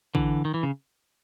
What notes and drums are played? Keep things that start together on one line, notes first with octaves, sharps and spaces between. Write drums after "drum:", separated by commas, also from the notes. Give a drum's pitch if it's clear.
D3 E3, drum: kick
D#3
E3
C#3